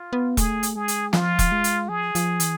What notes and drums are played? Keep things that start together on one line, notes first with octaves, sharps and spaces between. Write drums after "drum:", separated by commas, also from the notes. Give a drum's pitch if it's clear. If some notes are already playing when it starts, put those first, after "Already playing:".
Already playing: F4
B3
A3 G#4, drum: kick E1, hi-hat
drum: hi-hat
G#3 G#4
drum: hi-hat
F3 F4, drum: snare
drum: kick E1, hi-hat
G#3
drum: hi-hat
F3 G#4
F3, drum: hi-hat
E3, drum: hi-hat